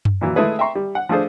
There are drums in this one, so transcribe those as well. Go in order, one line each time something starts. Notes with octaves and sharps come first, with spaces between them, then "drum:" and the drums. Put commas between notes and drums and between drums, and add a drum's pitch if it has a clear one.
drum: tom F#2
A#2 E3 F#3
G#3 A3 E4 G#4 B4
E5 G5 A#5 C6 C#6
G3
F#5
F3 A3 D4 G#4 C5